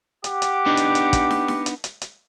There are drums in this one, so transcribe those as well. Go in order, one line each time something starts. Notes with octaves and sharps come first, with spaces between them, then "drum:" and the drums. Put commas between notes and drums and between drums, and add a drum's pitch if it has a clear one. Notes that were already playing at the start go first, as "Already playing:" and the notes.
G4 F#5 D6, drum: hi-hat
drum: hi-hat
B3 D4 D#4
drum: hi-hat
drum: hi-hat
drum: kick, hi-hat
drum: snare
drum: snare
drum: hi-hat
drum: hi-hat
drum: hi-hat